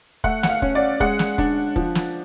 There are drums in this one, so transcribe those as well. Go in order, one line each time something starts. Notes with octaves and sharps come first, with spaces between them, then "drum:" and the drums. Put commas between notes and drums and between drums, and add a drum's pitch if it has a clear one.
A3 F#5, drum: kick
F#5, drum: snare
F5
C#4, drum: kick
D5
G#3 F#5, drum: kick
drum: snare
D4, drum: kick
F3, drum: kick
drum: snare